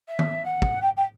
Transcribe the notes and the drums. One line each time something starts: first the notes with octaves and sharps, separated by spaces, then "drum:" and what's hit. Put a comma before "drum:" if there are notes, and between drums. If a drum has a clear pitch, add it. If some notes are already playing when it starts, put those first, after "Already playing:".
E5
drum: tom D#3
F#5
drum: kick
G5
G5